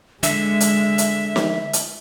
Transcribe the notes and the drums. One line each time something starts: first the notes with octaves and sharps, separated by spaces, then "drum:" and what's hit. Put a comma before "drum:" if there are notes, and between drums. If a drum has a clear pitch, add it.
D3 G#3 E5, drum: hi-hat
drum: hi-hat
drum: hi-hat
drum: snare
drum: hi-hat